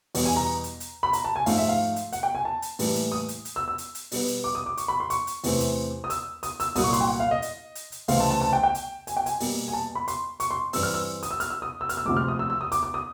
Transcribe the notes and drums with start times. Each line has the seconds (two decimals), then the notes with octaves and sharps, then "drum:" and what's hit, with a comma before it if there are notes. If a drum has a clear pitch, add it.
0.15 E2 B2 G3 B3, drum: open hi-hat
0.25 G#5
0.36 A#5
0.64 drum: hi-hat
0.80 drum: hi-hat
1.03 B5
1.13 A#5, drum: hi-hat
1.24 A5
1.36 G#5
1.46 G#2 F3 A3 F5, drum: open hi-hat
1.58 E5
1.69 F5
1.96 drum: hi-hat
2.13 F#5, drum: hi-hat
2.23 G5
2.35 G#5
2.45 A5
2.62 drum: hi-hat
2.79 A2 E3 G3 A#3, drum: open hi-hat
2.95 drum: hi-hat
3.12 D#6
3.28 drum: hi-hat
3.45 drum: hi-hat
3.56 E6
3.68 E6
3.78 drum: hi-hat
3.95 drum: hi-hat
4.12 B2 G3 B3, drum: open hi-hat
4.28 drum: hi-hat
4.44 D6
4.55 D#6
4.66 D6
4.77 C#6, drum: hi-hat
4.88 B5
5.00 C6
5.10 C#6, drum: hi-hat
5.27 drum: hi-hat
5.44 E2 C3 E3 A3 C4, drum: open hi-hat
5.60 drum: hi-hat
6.04 D#6
6.10 E6, drum: hi-hat
6.43 D#6, drum: hi-hat
6.60 E6, drum: hi-hat
6.75 C2 A#2 F#3 A#3 D#6, drum: open hi-hat
6.84 C#6
6.93 C6, drum: hi-hat
7.01 G5
7.09 F#5
7.20 F5
7.31 D#5
7.42 drum: hi-hat
7.75 drum: hi-hat
7.92 drum: hi-hat
8.08 C#2 C3 E3 A3 C4 F5, drum: open hi-hat
8.20 A5
8.31 A5
8.41 A5
8.53 G5
8.63 G5
8.75 drum: hi-hat
9.07 G#5, drum: hi-hat
9.17 G5
9.26 G#5, drum: hi-hat
9.40 B2 G3 A#3, drum: open hi-hat
9.68 G#5
9.73 A5
9.95 B5
10.08 C6, drum: hi-hat
10.40 C#6, drum: hi-hat
10.51 C6
10.73 G2 E3 G3 C4 E6, drum: open hi-hat
10.83 F6
10.94 E6
11.23 D#6, drum: hi-hat
11.31 E6
11.40 F6, drum: hi-hat
11.50 E6
11.62 D#6
11.81 E6
11.89 F6, drum: hi-hat
11.97 E6
12.05 D2 C3 F3 G#3 D6
12.17 F6
12.28 D#6
12.39 E6
12.50 E6
12.61 D#6
12.72 D6, drum: hi-hat
12.83 D6
12.94 D#6